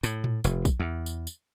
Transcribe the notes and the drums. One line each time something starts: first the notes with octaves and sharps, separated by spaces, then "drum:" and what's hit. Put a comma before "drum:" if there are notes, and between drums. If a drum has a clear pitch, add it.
A2, drum: tambourine
drum: tom A2
F1, drum: tambourine
drum: kick A#1, tambourine
E2
drum: tambourine
drum: tambourine